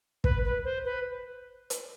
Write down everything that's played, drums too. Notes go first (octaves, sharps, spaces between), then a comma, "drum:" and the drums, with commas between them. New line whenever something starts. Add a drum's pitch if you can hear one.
B4, drum: kick
B4
C5
B4
drum: hi-hat